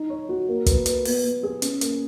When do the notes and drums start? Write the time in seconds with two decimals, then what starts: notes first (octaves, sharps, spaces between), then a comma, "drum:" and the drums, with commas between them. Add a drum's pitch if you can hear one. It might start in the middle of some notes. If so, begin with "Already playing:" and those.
Already playing: D#4
0.10 C#5
0.29 F#4
0.48 A#3
0.66 B4, drum: kick, hi-hat
0.86 B4, drum: hi-hat
1.05 B3, drum: open hi-hat
1.24 B3
1.43 G#4
1.62 C#4, drum: hi-hat
1.81 A#3, drum: hi-hat